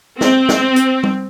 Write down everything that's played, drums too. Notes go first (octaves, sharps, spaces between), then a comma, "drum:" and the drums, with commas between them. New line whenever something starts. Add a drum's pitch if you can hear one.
C4, drum: snare
drum: snare
drum: hi-hat
drum: tom G3